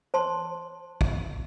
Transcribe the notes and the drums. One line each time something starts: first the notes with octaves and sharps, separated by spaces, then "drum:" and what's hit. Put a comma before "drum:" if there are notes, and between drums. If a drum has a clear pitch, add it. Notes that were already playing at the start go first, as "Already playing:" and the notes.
C5 A5 C6
drum: kick A1